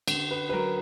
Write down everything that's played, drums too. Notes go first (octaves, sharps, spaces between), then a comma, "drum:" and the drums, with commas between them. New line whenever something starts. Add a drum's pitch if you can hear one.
D3, drum: cymbal
B4
B4
F#3 A#4